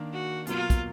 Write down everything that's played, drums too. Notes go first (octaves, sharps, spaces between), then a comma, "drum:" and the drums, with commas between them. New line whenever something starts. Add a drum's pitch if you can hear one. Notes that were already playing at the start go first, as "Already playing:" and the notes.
Already playing: D#3 A#3 D4
F#4
B2 F#3 A#3 F4, drum: hi-hat
drum: kick, hi-hat